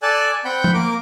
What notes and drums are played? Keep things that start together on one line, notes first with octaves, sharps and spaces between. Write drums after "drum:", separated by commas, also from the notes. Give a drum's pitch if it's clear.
A4 D5 G#5 A5 F#6
C4 F#5 G5 B5 G6
drum: tom
A#3 A#4 D6